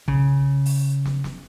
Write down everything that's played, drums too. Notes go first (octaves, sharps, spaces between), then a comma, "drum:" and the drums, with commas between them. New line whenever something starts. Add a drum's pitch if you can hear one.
C#3, drum: tom B1
drum: open hi-hat
drum: snare
drum: snare